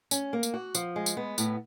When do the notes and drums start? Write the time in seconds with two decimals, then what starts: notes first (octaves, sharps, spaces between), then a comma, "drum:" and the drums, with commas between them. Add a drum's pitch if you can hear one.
0.11 C#4, drum: tambourine
0.33 A#3
0.43 drum: tambourine
0.54 F#4
0.75 F3, drum: tambourine
0.96 G#3
1.06 drum: tambourine
1.17 B3
1.38 A2, drum: tambourine